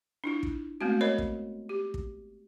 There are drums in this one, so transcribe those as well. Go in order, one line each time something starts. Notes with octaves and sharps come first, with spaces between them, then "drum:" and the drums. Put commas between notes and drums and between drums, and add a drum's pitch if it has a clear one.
D4 E4 F4
drum: kick
G#3 A3 B3 C4 F#4
A#4 C5 C#5 D#5 B5
drum: kick
G4
drum: kick